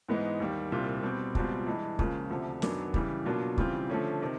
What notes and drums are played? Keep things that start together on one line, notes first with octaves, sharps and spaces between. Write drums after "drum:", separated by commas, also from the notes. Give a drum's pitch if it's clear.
G#2 E3 G#3 B3 D#4
D#2 D#3 G3
C2 A#2 G3 C4 F4
B2 G3 C4
C#2 B2 G3 C4 F4, drum: kick
G2 E3 G#3
C#2 C#3 F3 A#3, drum: kick
D2 C3 F3 A3
F#2 D#3 F#3 B3 D4, drum: snare
C#3 E3 G3, drum: kick
B2 F#3 A#3 D4 F4
C#3 E3 G3 C4 F4, drum: kick
D3 F3 A3 C#4
C3 D#3